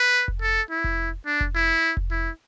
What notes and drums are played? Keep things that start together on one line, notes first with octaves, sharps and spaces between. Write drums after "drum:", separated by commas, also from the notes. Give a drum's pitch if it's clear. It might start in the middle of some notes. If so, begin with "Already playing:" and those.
Already playing: B4
drum: kick F1
A4
E4
drum: kick F1
D4
drum: kick F1
E4
drum: kick F1
E4